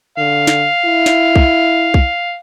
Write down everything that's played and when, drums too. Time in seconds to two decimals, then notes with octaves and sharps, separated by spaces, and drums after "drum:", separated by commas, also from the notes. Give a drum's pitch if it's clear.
0.18 D3 F5
0.47 drum: snare
0.85 E4
1.06 drum: snare
1.35 drum: kick B1
1.94 drum: kick B1